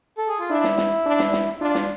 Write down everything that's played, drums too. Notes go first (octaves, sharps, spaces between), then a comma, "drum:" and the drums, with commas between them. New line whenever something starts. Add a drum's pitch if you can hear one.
A4
G#4
F4
D4 E4
drum: snare
drum: snare
D4
drum: snare
drum: snare
D4 F4
drum: snare